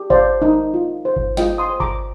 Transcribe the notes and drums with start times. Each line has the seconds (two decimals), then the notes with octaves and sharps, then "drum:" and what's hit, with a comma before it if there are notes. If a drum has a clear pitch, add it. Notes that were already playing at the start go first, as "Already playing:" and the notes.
Already playing: G4
0.10 C5 D5 F5, drum: kick G#1
0.42 D#4
0.74 F4
1.05 C5
1.16 drum: kick G#1
1.37 F4 D#5 G5, drum: snare
1.58 C6 D#6
1.69 C5
1.80 A#5 D6, drum: kick G#1